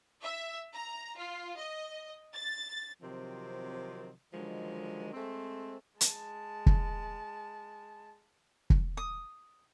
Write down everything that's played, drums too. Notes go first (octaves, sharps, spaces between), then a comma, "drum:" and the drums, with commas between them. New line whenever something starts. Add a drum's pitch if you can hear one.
E5
A#5
F4
D#5
A6
C3 D#3 F3 F#3 C4
D3 D#3 F3 F#3 G#3
G#3 A3 C4
G#3 A5, drum: hi-hat
drum: kick
drum: kick
D#6